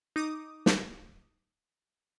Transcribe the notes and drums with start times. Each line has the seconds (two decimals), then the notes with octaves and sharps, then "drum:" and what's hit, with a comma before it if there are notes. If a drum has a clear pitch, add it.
0.16 D#4 D6 D#6
0.66 drum: snare